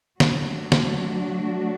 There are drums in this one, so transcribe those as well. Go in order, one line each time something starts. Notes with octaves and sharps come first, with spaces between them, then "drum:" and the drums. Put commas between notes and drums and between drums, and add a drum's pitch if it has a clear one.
F#3 A3 D4 F#4, drum: snare
drum: snare